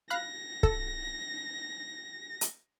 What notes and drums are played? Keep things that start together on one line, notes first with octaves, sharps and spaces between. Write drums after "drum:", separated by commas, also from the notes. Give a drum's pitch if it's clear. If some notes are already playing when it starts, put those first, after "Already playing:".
F5 B5 F#6 A#6
A4, drum: kick C#1
drum: hi-hat